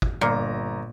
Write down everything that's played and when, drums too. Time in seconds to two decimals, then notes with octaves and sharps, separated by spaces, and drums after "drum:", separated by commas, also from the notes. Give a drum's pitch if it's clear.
0.02 drum: kick
0.21 G1 A#2 A#5